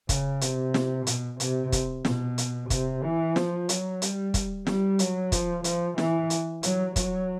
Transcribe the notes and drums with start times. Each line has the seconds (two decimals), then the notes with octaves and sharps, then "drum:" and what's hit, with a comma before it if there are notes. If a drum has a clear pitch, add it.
0.09 C#3, drum: kick, hi-hat
0.41 C3, drum: hi-hat
0.74 drum: snare
1.07 B2, drum: hi-hat
1.40 C3, drum: hi-hat
1.72 drum: kick, hi-hat
2.05 B2, drum: snare
2.38 drum: hi-hat
2.70 C3, drum: kick, hi-hat
3.03 E3
3.36 F3, drum: snare
3.69 F#3, drum: hi-hat
4.02 G3, drum: hi-hat
4.34 drum: kick, hi-hat
4.67 G3, drum: snare
4.99 F#3, drum: hi-hat
5.32 F3, drum: kick, hi-hat
5.64 F3, drum: hi-hat
5.98 E3, drum: snare
6.30 drum: hi-hat
6.63 F#3, drum: hi-hat
6.96 F#3, drum: kick, hi-hat